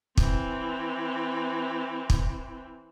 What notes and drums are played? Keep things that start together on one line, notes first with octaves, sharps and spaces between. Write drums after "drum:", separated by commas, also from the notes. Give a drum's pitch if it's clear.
E3 C4, drum: kick
drum: kick